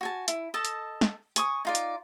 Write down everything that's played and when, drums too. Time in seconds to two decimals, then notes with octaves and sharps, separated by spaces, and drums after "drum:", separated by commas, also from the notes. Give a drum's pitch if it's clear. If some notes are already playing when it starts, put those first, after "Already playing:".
0.01 F#4 G#5 A5
0.28 E4, drum: hi-hat
0.54 A4 D#5 A5
0.65 drum: hi-hat
1.01 drum: snare
1.36 G#5 C#6 D#6, drum: hi-hat
1.65 D#4 F4 D5
1.75 drum: hi-hat